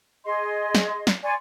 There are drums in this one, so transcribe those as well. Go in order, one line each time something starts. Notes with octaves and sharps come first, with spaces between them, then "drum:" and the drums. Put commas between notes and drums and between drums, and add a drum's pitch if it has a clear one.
G#4 D#5 C6
drum: snare
drum: snare
D5 G#5 C6 C#6